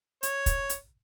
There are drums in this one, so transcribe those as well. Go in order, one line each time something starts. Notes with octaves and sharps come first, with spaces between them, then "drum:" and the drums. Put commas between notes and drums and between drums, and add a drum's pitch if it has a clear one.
C#5, drum: hi-hat
drum: kick, hi-hat
drum: hi-hat